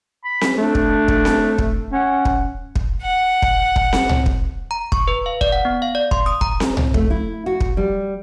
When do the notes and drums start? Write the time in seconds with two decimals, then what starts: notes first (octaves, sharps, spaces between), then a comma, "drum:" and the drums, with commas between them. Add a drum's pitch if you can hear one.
0.25 B5
0.41 drum: snare C4
0.57 A3 D4
0.75 drum: kick
1.08 drum: kick
1.25 drum: snare C4
1.58 drum: kick
1.92 C#4 F#5
2.25 drum: kick
2.76 drum: kick
3.02 F#5
3.42 drum: kick
3.76 drum: kick
3.93 drum: snare C4
4.09 drum: tom C2
4.26 drum: kick
4.71 A#5
4.92 C#6, drum: kick
5.08 B4
5.26 F5
5.41 D5, drum: kick
5.52 F#5
5.65 B3
5.82 F5
5.95 D5
6.11 C6, drum: kick
6.26 D#6
6.41 A#5, drum: kick
6.60 drum: snare C4
6.77 drum: tom C2
6.94 A3, drum: kick
7.10 E4
7.46 F#4
7.61 drum: kick
7.77 G3